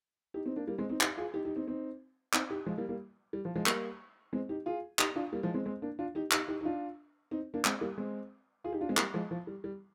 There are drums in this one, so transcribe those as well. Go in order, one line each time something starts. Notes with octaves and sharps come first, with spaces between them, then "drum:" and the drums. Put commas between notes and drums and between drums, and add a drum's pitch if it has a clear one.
D#4 G4
C4 D#4
A#3 D4
G3 A#3
G#3 C4
C4 D#4
D#4 G4, drum: clap
F4 G#4
D#4 G4
D#4 G4
C4 D#4
C4 D#4
C4 D#4, drum: clap
D#4 G4
F3 G#3
G3 A#3
G3 A#3
G3
F3
F3 G#3
G3 A#3, drum: clap
G#3 C4
D#4 G4
F4 G#4
D#4 G4, drum: clap
D4 F4
G3 A#3
F3 G#3
G#3 C4
G#3 C4
A#3 D4
D4 F4
D#4 G4
D#4 G4, drum: clap
D#4 G4
D#4
D4 F4
C4 D#4
A#3 D4
G#3 C4, drum: clap
G3 A#3
G#3 C4
F4 G#4
D#4 G4
D4 F4
G#3 C4
G3 A#3, drum: clap
F3 G#3
F3
G3
G3